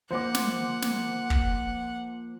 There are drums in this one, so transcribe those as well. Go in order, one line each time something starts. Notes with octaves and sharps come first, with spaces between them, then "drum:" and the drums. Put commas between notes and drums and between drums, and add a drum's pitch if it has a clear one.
F3 A#3 C5 F#5 D6
drum: snare
drum: snare
drum: kick